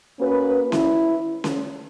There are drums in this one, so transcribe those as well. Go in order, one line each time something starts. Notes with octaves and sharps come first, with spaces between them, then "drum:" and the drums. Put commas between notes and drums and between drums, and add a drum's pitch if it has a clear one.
A#3 C#4 F#4 B4
E4, drum: snare C#4
drum: snare C#4